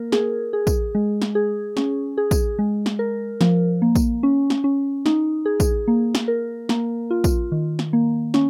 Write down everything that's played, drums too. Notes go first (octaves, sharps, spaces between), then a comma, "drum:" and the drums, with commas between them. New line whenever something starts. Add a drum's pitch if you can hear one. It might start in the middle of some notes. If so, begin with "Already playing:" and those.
Already playing: A#3 A#4
G#4, drum: snare
G#4
drum: kick, tambourine
G#3
drum: snare
G#4
C#4, drum: snare
G#4
drum: kick, tambourine
G#3
drum: snare
A#4
F3, drum: snare
A#3
drum: kick, tambourine
C#4
drum: snare
C#4
D#4, drum: snare
G#4
drum: kick, tambourine
A#3
drum: snare
A#4
A#3, drum: snare
F4
drum: kick, tambourine
D#3
drum: snare
A#3
C#4, drum: snare